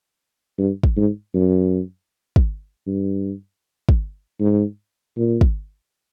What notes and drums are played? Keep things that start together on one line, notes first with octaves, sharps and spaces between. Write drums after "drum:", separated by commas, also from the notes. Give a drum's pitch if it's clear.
G2
drum: kick
G#2
F#2
drum: kick
G2
drum: kick
G#2
A#2
drum: kick